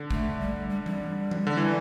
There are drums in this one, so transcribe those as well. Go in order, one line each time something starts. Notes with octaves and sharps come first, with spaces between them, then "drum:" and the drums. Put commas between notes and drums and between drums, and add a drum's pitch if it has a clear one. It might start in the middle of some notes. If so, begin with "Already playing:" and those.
Already playing: D3
A3, drum: kick
G3
G3
G3, drum: tom E3
drum: tom E3
D3
E3